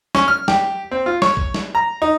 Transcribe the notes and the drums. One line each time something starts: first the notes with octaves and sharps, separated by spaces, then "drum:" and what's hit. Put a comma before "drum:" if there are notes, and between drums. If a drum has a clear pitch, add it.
C#4, drum: snare
F6
G4, drum: snare
C4
F4
C#5, drum: snare
drum: kick
drum: snare
A#5
D#4